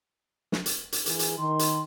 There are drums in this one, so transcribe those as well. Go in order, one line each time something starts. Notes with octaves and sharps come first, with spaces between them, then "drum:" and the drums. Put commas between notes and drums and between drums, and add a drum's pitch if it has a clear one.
drum: snare
drum: hi-hat
drum: hi-hat
E3 G#4, drum: hi-hat
drum: hi-hat
D#3 C6
drum: hi-hat